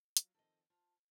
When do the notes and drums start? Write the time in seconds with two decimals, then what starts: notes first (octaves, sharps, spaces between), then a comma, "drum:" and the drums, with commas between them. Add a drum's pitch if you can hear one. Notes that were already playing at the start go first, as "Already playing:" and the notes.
0.17 F#3 F4, drum: hi-hat
0.34 D#3 F3 C4 A4 D#5
0.70 F4 C5 A5